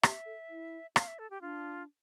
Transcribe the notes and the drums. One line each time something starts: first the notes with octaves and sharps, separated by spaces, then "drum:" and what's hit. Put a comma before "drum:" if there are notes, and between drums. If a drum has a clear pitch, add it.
G4 E5, drum: rim click
A4
E4
F5, drum: rim click
E5
A4
G4
D4 F4